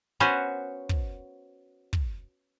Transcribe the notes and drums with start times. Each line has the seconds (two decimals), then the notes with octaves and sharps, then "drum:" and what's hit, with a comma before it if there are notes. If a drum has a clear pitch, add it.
0.20 B3 C#4 F#4 C5
0.89 drum: kick
1.93 drum: kick